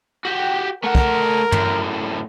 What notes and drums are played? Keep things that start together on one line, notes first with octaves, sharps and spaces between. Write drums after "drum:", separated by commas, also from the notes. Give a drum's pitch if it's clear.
F#4 G4
A3 A#4 F#5
drum: kick
F#2 A2, drum: tom